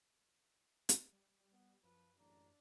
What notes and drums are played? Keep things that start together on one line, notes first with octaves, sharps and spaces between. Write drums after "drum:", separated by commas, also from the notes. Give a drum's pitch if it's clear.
drum: hi-hat
G3
B3
F#2 F3 B4
A1 G#2 D4 A#5